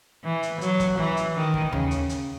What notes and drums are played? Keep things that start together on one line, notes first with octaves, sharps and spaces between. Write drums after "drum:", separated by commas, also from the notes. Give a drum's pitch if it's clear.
E3
drum: hi-hat
F#3, drum: hi-hat
drum: kick, hi-hat
E3
drum: hi-hat
D#3
drum: kick
C#3, drum: tom D#2
drum: hi-hat
drum: hi-hat